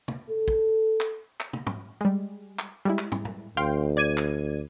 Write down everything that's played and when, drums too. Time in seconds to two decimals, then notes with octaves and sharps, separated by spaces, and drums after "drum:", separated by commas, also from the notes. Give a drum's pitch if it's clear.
0.08 drum: tom
0.30 A4
0.48 drum: kick
1.01 drum: clap
1.40 drum: clap
1.53 drum: tom
1.67 drum: tom
2.01 G3 G#3
2.59 drum: clap
2.85 G3 G#3 E4
2.99 drum: clap
3.12 drum: tom
3.25 drum: tom
3.57 D2 F5 G5 C6
3.97 D5 G#6 D#7
4.17 drum: clap